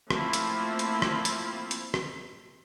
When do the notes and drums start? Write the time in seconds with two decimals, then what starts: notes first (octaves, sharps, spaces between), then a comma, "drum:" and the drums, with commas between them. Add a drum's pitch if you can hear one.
0.10 F3 A3 A#3 C4 E4 F4, drum: rim click
0.33 drum: hi-hat
0.79 drum: hi-hat
1.02 drum: rim click
1.25 drum: hi-hat
1.71 drum: hi-hat
1.94 drum: rim click